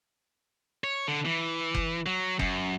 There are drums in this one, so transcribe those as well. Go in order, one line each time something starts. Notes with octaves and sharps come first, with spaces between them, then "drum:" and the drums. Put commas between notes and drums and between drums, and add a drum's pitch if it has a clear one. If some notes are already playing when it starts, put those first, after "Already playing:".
C#5
D3
E3
drum: kick F#1
F#3
F#2, drum: kick F#1